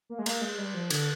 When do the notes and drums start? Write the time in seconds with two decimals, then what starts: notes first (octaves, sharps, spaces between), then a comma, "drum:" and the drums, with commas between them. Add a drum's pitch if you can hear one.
0.10 A#3
0.19 G#3
0.26 A#3, drum: cymbal
0.41 G#3
0.58 G3
0.74 F3
0.90 D3, drum: cymbal